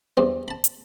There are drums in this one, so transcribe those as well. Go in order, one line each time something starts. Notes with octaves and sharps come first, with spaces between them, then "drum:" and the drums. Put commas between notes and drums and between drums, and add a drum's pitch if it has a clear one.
E2 G2 C4
A5 B5
drum: hi-hat